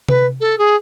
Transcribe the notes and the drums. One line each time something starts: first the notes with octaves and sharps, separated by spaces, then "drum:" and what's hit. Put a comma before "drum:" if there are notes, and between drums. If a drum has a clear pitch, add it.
B4, drum: tom C3
A4
G#4